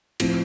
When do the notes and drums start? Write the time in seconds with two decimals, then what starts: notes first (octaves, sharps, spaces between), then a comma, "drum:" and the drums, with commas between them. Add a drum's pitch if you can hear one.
0.20 A2 F3 C4, drum: cymbal